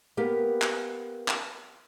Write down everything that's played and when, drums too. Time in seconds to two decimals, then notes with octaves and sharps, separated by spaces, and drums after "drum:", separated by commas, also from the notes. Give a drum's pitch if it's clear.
0.17 A#3 B3 G4 A#4 B4
0.62 drum: clap
1.28 drum: clap